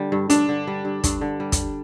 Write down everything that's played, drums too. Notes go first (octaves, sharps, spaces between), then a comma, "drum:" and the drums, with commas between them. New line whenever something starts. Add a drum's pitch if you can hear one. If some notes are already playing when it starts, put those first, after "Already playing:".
Already playing: D3 G3
G2
G2 D4, drum: hi-hat
D3
G3
G2
G2, drum: kick, hi-hat
D3
G3
drum: kick, hi-hat